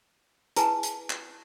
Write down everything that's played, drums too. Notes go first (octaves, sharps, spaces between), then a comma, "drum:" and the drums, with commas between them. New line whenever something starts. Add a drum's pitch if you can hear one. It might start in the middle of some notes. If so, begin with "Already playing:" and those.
E4 G#4 B4 G#5 A5, drum: hi-hat
drum: hi-hat
drum: clap